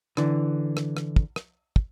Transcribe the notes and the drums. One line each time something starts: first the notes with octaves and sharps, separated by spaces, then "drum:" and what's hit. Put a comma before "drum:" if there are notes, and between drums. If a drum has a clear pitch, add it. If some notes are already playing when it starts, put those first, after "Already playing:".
D3 E3, drum: rim click
drum: rim click
drum: rim click
drum: kick
drum: rim click
drum: kick